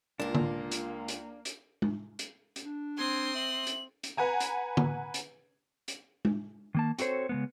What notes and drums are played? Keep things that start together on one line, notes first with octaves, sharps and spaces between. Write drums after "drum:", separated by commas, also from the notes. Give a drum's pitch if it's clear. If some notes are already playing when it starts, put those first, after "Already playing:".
C#2 A#3 D4 F4 A#4
drum: tom D3
drum: hi-hat
drum: hi-hat
drum: hi-hat
drum: tom G#3
drum: hi-hat
drum: hi-hat
D4
C4 C6 D#6 G#6
E5 F#7
drum: hi-hat
drum: hi-hat
B4 F#5 G#5 A#5
drum: hi-hat
drum: tom D3
drum: hi-hat
drum: hi-hat
drum: tom G#3
D#3 A#3 A5
C4 F#4 A4 C5 C#5, drum: hi-hat
C#3 G#3 B3